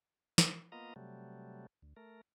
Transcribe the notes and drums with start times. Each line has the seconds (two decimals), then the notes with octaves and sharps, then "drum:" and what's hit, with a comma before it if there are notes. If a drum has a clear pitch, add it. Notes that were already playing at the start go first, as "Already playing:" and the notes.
0.38 drum: snare
0.72 A#3 B3 F4 D#5 A#5
0.96 C3 F#3 G3 A3
1.82 D2
1.96 A3 A#4